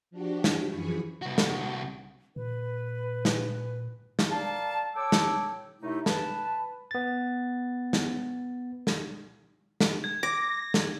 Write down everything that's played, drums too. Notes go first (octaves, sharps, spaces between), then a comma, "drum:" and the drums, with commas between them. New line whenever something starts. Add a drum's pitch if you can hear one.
F3 D4 F#4 G4
drum: snare
F#2 E3 F3 G#4 B5 C#6
C2 F#4
drum: snare
A#2 B4
drum: snare
drum: snare
A#4 D5 F5 A5
A4 C#5 G5 D6 E6
drum: snare
F#2 C3 A3 D#4 E4
B4 A5, drum: snare
B3 A6
drum: snare
drum: snare
drum: snare
G#6
D6 A#6
drum: snare